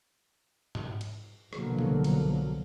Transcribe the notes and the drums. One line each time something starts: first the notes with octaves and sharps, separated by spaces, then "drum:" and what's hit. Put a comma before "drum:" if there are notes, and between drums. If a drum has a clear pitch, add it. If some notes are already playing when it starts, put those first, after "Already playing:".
drum: tom G#2
drum: cymbal
C2 B2 D3 F3 F#3 A#3, drum: rim click
drum: tom C3
drum: cymbal